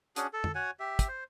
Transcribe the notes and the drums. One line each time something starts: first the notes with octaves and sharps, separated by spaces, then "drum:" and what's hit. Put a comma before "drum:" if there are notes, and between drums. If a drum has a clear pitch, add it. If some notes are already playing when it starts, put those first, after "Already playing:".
C#4 D4 F#4 G#4, drum: hi-hat
A4
drum: tom
F#4 C#5 F#5 G#5
G4 E5
drum: kick, hi-hat
C5